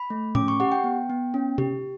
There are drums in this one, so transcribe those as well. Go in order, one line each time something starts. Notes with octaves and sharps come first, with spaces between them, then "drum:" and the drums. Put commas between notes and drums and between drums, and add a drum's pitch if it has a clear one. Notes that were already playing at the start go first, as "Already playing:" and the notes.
Already playing: B5
A3
C#4 D6, drum: tom A2
C#6
G4 F#5
G5
B3
B3
C#4
G4, drum: tom C3